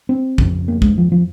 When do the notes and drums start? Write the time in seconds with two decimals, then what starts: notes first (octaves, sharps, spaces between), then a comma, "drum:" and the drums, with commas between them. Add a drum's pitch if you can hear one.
0.09 C4
0.38 F2 C#3, drum: kick
0.68 A#3
0.82 G#3, drum: kick
0.98 F3
1.12 F3